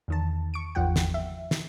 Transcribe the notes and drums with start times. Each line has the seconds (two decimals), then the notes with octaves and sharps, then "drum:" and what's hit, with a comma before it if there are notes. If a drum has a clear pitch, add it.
0.08 E2 D#3 A5
0.54 C#6 D7
0.75 G#1 E2 F3 F#5 G5
0.96 drum: snare
1.14 E5
1.51 drum: snare